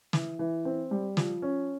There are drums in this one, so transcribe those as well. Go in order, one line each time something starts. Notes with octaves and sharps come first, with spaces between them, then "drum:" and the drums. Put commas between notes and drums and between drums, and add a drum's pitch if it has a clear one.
E3, drum: snare
E3
C4
G3
F3, drum: snare
C#4